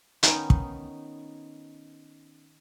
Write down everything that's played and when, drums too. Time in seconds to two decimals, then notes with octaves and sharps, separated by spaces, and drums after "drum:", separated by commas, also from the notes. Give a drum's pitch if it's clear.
0.23 D#3 B3 C#4 D#4, drum: hi-hat
0.50 drum: kick